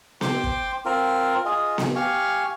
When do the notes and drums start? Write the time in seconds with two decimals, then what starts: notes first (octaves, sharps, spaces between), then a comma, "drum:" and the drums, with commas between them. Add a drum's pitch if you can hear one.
0.21 C5 G5 C6 D6, drum: snare B3
0.44 drum: kick
0.85 C4 F4 A#4
1.46 F4 G#4 D#5
1.78 drum: snare B3
1.96 G4 F5 G#5 C#6